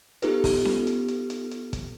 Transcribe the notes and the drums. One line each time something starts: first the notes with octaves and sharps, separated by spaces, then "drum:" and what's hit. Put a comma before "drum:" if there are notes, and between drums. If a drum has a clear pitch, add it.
B3 D#4 F4 G4 A4 B4, drum: hi-hat
drum: kick, open hi-hat
drum: snare C#4
drum: hi-hat
drum: hi-hat
drum: hi-hat
drum: hi-hat
drum: kick, hi-hat